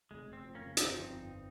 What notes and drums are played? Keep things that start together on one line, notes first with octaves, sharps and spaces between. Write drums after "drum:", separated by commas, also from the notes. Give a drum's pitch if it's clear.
F1 G#3
F1
C4
F2
A#3 C#4
C#3
G1 C4 D#4, drum: hi-hat
F2
G1